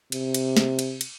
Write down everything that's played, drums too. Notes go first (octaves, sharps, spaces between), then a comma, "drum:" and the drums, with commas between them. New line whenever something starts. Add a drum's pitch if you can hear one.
C3, drum: cymbal
drum: cymbal
drum: snare
drum: cymbal
drum: cymbal